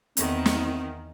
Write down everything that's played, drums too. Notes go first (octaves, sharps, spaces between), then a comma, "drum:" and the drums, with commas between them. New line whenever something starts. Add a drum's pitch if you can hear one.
E2 D#3 C4, drum: hi-hat
drum: snare